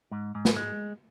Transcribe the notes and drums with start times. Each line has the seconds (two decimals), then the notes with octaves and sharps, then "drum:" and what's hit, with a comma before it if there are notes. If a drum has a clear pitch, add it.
0.11 G#2
0.35 G#2
0.45 drum: snare
0.56 G#3